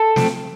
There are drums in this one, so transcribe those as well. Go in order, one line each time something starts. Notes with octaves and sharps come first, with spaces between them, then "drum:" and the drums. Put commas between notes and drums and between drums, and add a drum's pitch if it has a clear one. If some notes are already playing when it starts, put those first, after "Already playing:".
Already playing: A4
F3 A3 C4, drum: snare